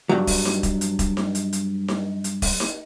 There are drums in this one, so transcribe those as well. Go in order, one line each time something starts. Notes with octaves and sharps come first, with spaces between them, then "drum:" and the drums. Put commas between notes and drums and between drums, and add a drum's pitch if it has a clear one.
G2 F#3
drum: kick E1, open hi-hat
drum: snare D#4
drum: kick E1, hi-hat
drum: hi-hat
drum: kick E1, hi-hat
drum: snare D#4
drum: hi-hat
drum: hi-hat
drum: snare D#4
drum: hi-hat
drum: kick E1, open hi-hat
drum: snare D#4